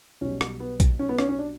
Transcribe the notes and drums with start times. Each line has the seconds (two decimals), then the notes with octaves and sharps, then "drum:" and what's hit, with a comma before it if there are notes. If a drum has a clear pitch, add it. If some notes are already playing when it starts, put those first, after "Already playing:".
0.21 B1 B2 G3 C#4
0.41 drum: rim click
0.60 B3
0.80 drum: kick A#1, hi-hat
0.99 C#4
1.09 B3
1.18 C#4, drum: rim click
1.29 C#4
1.39 D4